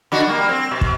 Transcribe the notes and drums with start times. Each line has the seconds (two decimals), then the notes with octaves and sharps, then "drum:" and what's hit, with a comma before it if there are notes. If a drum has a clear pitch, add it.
0.12 D3 D4 F#4
0.27 G3 A#3
0.49 C4
0.71 B2
0.81 drum: kick